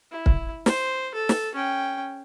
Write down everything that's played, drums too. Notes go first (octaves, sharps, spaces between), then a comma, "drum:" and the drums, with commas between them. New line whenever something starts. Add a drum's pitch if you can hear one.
E4
drum: kick
C5, drum: snare
A4
drum: snare
C#4 G5